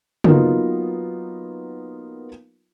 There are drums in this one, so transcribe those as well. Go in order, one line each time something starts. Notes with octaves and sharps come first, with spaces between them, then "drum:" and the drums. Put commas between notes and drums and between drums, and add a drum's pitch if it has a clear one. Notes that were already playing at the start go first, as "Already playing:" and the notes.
F#3 A#3 B3 D#4 F4, drum: tom C#3